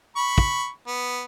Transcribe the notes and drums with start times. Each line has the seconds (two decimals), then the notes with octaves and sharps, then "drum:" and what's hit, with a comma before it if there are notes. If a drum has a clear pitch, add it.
0.16 B5 C#6
0.38 drum: kick
0.87 B3